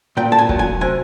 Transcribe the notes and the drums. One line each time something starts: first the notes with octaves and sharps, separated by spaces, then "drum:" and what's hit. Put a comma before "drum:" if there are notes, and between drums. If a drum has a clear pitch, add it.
A#2 G5
A5
G#5
F#3, drum: kick
G#5
C3 G#5